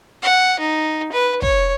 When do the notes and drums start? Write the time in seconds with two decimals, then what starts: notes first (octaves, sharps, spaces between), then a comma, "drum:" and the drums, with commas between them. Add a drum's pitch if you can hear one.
0.22 F#5
0.60 D#4
1.12 B4
1.42 C#5, drum: kick